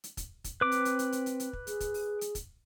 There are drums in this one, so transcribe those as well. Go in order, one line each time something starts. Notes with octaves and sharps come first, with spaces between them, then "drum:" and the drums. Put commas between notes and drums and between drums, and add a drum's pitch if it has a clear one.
drum: hi-hat
drum: kick, hi-hat
drum: kick, hi-hat
C4 B4 D6
drum: hi-hat
drum: hi-hat
drum: hi-hat
drum: hi-hat
drum: hi-hat
drum: hi-hat
drum: kick
G#4, drum: hi-hat
drum: kick, hi-hat
drum: open hi-hat
drum: hi-hat
drum: kick, hi-hat